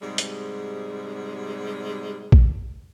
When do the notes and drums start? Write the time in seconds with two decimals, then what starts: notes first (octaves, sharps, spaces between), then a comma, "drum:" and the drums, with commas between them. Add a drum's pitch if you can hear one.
0.01 G#2 C3 G3 G#3
0.18 drum: hi-hat
2.32 drum: kick A#1